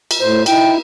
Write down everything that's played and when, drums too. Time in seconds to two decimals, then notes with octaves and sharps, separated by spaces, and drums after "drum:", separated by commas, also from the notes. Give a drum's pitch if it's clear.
0.11 drum: cymbal
0.20 A2 C5
0.46 D#4 E4 G5, drum: cymbal